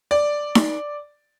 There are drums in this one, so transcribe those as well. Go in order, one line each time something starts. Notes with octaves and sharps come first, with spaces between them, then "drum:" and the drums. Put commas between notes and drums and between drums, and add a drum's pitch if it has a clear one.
D5
drum: snare D#4